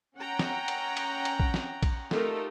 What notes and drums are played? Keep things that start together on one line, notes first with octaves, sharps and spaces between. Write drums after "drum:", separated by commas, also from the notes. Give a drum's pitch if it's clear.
C#4 F#5 G5 A#5
drum: snare
drum: cymbal
drum: cymbal
drum: cymbal
drum: kick A#1
drum: snare
drum: kick A#1, cymbal
A3 D#4 F4 G4 A4 A#4, drum: snare